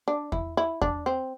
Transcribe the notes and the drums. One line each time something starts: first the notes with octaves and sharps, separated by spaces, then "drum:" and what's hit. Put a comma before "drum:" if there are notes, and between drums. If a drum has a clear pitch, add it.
D4
E4, drum: kick E2
E4
D4, drum: kick E2
C4